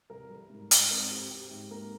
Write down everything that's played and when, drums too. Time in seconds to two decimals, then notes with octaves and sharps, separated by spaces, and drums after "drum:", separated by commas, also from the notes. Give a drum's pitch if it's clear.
0.10 C2 A#4
0.30 G3
0.50 G#2
0.71 G#2, drum: hi-hat
0.91 C4 A#4
1.11 C4 G4
1.30 C4 G4
1.51 G#2
1.70 A#3 A#4